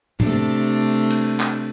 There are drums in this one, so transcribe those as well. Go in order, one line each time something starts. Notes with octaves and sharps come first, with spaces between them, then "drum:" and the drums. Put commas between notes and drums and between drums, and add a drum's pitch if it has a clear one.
C3 A3 D4, drum: tom A2
drum: cymbal
drum: clap